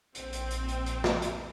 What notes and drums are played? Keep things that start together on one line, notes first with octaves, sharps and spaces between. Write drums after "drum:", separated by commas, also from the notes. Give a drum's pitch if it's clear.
A#1 C4, drum: hi-hat
drum: hi-hat
drum: hi-hat
drum: hi-hat
drum: hi-hat
drum: snare
drum: hi-hat